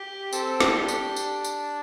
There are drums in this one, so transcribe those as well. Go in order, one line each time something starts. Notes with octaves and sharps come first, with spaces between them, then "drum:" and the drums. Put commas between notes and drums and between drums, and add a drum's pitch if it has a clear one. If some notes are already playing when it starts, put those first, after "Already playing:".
Already playing: G4
C4 A4, drum: tambourine
drum: snare
D4 G4
drum: tambourine
drum: tambourine
drum: tambourine